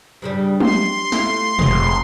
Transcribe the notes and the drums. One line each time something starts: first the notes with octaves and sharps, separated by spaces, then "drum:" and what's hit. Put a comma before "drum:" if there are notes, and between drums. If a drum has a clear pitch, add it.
G2 C#3 G3
G4 C6, drum: tom
A3 E4 F4, drum: snare
F1 G#3 C#5, drum: tom